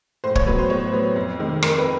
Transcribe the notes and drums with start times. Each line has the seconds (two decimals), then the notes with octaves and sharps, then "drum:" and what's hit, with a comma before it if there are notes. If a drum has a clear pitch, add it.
0.24 A2 C5
0.35 C#5, drum: kick
0.47 F#3 B3 B4
0.59 C5
0.70 A2 C#5
0.93 F#3 B3
1.16 F2
1.39 C3 D#3 G#3
1.63 F2 A#4, drum: rim click
1.78 B4